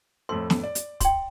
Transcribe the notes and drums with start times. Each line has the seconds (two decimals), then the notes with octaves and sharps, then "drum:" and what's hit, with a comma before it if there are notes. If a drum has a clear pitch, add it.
0.29 F2 A2 A4 C6
0.50 drum: snare
0.63 D5
0.75 drum: hi-hat
1.00 G5 C6, drum: kick, hi-hat